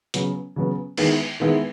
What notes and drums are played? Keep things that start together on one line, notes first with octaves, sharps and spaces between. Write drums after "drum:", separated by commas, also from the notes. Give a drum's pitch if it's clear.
C#3 F#3 B3, drum: hi-hat
C#3 F#3 B3
D#3 G#3 B3 E4, drum: cymbal
D#3 G#3 B3 E4